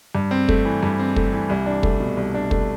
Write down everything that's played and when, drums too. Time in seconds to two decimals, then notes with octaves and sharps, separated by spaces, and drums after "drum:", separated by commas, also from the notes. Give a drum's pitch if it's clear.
0.15 G2
0.31 C4
0.49 A3, drum: kick
0.65 E3
0.83 G2
0.99 C4
1.16 A3, drum: kick
1.33 E3
1.50 C2
1.66 D4
1.83 A3, drum: kick
2.00 B2
2.17 C2
2.34 D4
2.51 A3, drum: kick